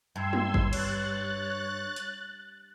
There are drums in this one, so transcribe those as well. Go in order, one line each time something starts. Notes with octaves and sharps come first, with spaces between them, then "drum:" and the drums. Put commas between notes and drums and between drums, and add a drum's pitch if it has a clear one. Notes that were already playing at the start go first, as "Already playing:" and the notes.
G2 C6 E6 G#6
drum: tom
drum: kick G1
C#5 F#6 A6, drum: cymbal
drum: hi-hat